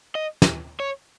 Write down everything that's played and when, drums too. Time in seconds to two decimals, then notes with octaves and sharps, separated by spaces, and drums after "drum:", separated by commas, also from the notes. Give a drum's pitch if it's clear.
0.15 D#5
0.42 drum: snare
0.80 C#5